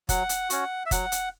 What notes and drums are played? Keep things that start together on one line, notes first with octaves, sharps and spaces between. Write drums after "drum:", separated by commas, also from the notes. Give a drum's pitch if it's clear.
F#3 F#5, drum: kick F#1, hi-hat
drum: hi-hat
C#4 F#4, drum: hi-hat
E5
F#3 F#5, drum: kick F#1, hi-hat
drum: hi-hat